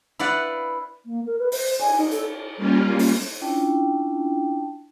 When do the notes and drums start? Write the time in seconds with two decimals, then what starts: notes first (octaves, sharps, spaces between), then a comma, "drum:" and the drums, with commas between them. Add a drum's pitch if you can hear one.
0.19 E4 B4 D5 F5 F#5
1.06 A#3
1.26 A#4
1.39 B4
1.52 C5, drum: open hi-hat
1.79 G#5, drum: cymbal
1.98 D#4
2.11 A4, drum: hi-hat
2.57 G3 A#3 C#4 F4
2.99 drum: open hi-hat
3.41 C#4 D4 E4 F4 G5 A5